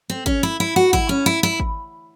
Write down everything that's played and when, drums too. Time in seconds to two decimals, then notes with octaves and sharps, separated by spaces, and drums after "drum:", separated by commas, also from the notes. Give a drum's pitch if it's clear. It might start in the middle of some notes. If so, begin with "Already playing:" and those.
0.10 C4
0.26 C#4, drum: kick G#1
0.43 E4
0.60 E4
0.76 F#4
0.93 E4, drum: kick G#1
1.09 C#4
1.26 E4
1.43 E4
1.60 drum: kick G#1